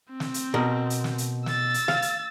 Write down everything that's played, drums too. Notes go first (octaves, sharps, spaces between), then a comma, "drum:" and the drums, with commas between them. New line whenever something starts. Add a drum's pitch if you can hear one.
C4
drum: snare
drum: hi-hat
B2 A#4
drum: hi-hat
drum: snare
drum: hi-hat
E6 A6, drum: snare
drum: hi-hat
F5, drum: snare
drum: hi-hat